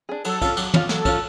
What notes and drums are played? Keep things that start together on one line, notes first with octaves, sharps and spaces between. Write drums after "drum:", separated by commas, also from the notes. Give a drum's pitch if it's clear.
D4 G#4
F#3 A4, drum: cymbal
C#4 F4, drum: kick, cymbal
F#3, drum: cymbal
C#4 F4, drum: tom
F#3 A4, drum: snare
C#4 F4, drum: kick, cymbal